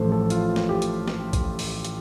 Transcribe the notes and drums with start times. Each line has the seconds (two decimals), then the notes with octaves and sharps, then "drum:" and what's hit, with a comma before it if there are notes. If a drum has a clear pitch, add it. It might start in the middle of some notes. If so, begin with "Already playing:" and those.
Already playing: A1 A2 F3 A4 C5
0.12 A4
0.30 F4, drum: hi-hat
0.56 drum: snare
0.69 G4
0.82 drum: hi-hat
1.08 drum: snare
1.33 drum: kick, hi-hat
1.59 drum: open hi-hat
1.85 drum: hi-hat